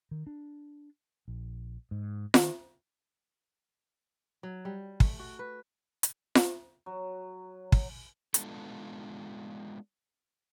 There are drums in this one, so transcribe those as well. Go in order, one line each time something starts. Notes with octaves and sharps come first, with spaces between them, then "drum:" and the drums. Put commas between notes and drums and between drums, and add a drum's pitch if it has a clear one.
D#3
D4
A#1
G#2
D#3, drum: snare F4
F#3
G3
A3, drum: kick
F#4
B4
drum: hi-hat
drum: snare F4
F#3
drum: kick
G#3 B3 D4 F4 A4, drum: hi-hat